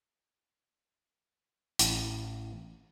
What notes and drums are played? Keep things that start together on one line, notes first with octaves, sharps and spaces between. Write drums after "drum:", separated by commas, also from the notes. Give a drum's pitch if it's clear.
A1, drum: hi-hat